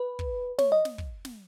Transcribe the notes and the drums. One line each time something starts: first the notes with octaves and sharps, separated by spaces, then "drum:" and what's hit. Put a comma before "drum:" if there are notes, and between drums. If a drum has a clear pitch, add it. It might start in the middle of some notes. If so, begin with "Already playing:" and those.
Already playing: B4
drum: kick
C#5, drum: snare
D#5
drum: snare
drum: kick
drum: snare